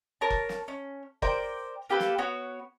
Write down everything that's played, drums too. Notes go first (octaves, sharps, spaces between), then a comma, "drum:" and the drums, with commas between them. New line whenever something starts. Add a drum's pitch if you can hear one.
A#4 C#5 A5
drum: kick F#1
drum: snare
C#4
A#4 C5 D5 G5, drum: kick F#1
A#3 G4 A4 B4
drum: snare
B3 F#4 C#5